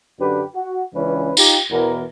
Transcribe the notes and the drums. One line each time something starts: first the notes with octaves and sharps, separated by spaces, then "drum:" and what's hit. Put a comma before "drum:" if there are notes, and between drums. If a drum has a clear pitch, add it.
F#2 D3 D4 G4 B4
F#4
C#2 E3 C#4 D4 B4
D#4 F4 G4, drum: tambourine
E2 B2 E3 A#4